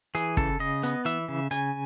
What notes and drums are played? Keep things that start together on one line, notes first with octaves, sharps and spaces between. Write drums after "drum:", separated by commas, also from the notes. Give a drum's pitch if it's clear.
E3 G#4, drum: hi-hat
C#3 A4, drum: kick
C#3 D#5
B3, drum: hi-hat
E3 E5, drum: hi-hat
C#3
C#3 G#5, drum: hi-hat